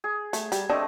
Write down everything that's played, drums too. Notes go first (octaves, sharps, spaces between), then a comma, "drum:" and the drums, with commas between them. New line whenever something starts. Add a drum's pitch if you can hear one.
G#4
A3, drum: hi-hat
G3, drum: hi-hat
A3 C4 D4 D#5